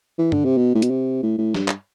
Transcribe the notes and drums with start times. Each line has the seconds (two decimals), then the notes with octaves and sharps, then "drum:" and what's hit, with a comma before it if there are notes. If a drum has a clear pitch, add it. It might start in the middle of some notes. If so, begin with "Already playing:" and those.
0.18 E3
0.32 D3, drum: tom G2
0.45 C3
0.57 B2
0.75 A2
0.82 B2, drum: hi-hat
0.90 C3
1.23 A2
1.38 A2
1.55 G2, drum: snare
1.68 drum: clap